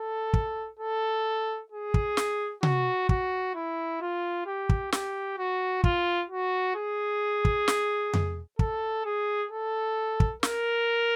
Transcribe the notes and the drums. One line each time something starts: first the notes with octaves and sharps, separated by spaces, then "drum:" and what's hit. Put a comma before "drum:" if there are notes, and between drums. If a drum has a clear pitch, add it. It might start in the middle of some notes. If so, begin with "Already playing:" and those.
Already playing: A4
drum: kick
A4
G#4
drum: kick
drum: snare
F#4, drum: tom C3
F#4, drum: kick
E4
F4
G4
drum: kick
G4, drum: snare
F#4
F4, drum: kick
F#4
G#4
drum: kick
drum: snare
drum: tom F2
A4, drum: kick
G#4
A4
drum: kick
A#4, drum: snare